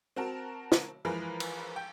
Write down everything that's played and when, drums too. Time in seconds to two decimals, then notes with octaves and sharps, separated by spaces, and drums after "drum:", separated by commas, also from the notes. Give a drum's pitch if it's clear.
0.16 C4 F#4 A#4 A5
0.72 drum: snare
1.05 E3 F3 G#3 G#4 A#4 B4
1.40 drum: cymbal
1.76 G5